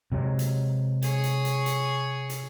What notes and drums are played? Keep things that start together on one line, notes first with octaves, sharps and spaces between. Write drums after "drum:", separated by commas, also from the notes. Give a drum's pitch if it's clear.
C3 F#3 G#3
drum: hi-hat
G#4 C#5, drum: hi-hat
drum: hi-hat
drum: hi-hat
drum: hi-hat
drum: hi-hat